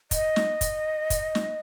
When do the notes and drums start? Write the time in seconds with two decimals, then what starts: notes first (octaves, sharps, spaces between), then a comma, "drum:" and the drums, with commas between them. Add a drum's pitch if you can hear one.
0.11 D#5, drum: kick, hi-hat
0.36 drum: snare
0.61 drum: kick, hi-hat
1.10 drum: kick, hi-hat
1.35 drum: snare